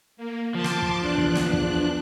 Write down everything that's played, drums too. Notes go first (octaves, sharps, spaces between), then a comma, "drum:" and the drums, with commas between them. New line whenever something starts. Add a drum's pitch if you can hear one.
A#3
F3 A5 C6 D6
drum: snare
drum: kick
E2 D4 F#6
drum: kick
drum: snare
drum: kick